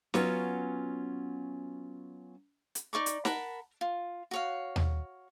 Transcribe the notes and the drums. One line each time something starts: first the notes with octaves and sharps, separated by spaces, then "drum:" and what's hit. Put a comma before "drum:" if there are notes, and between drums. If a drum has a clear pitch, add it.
F#3 B3 C#4 F4 F#4, drum: snare
drum: hi-hat
D#4 D5 C#6 D6
drum: hi-hat
A#4 F#5 A5 B5, drum: snare
F4
F#4 C#5 F5
drum: tom D#2